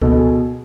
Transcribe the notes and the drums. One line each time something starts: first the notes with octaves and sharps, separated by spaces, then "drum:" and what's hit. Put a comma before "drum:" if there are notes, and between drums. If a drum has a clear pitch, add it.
B2 A4, drum: kick C#2
G#4